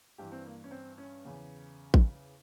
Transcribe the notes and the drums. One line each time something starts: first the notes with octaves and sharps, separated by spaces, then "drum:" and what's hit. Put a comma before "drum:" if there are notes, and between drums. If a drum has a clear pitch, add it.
G2 E3 G4
C4
A#3
C#4
C4
C#4
E2 C#3 E3
drum: kick A1